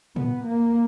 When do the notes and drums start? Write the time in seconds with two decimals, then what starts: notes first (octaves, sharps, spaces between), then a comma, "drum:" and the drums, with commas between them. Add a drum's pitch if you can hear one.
0.16 B3, drum: tom
0.44 A#3